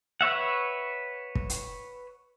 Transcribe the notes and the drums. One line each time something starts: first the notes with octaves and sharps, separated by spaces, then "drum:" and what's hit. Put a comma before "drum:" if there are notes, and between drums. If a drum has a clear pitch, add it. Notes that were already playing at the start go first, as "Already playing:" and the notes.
B4 C#5 E5 F#5
drum: kick
drum: hi-hat